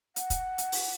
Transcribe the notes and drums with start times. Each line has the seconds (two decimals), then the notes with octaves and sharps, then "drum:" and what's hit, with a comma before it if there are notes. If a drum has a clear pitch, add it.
0.16 F#5, drum: hi-hat
0.30 drum: kick, hi-hat
0.58 drum: hi-hat
0.72 drum: open hi-hat